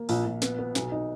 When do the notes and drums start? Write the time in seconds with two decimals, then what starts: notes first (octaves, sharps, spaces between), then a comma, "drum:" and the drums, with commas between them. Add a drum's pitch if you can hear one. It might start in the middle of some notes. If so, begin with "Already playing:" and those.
Already playing: A#3
0.09 A#1, drum: open hi-hat
0.25 A#1
0.42 B3, drum: snare
0.59 B3
0.75 B1, drum: snare
0.92 D#4